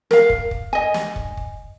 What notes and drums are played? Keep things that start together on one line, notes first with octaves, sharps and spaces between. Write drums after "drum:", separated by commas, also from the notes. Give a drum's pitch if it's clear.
A#4 F5, drum: snare
drum: kick
drum: kick
D#5 G#5
drum: snare
drum: kick
drum: kick